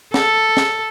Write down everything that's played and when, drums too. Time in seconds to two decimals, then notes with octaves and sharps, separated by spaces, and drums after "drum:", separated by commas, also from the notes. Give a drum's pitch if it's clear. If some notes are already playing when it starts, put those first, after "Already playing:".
0.14 A4, drum: snare
0.57 drum: snare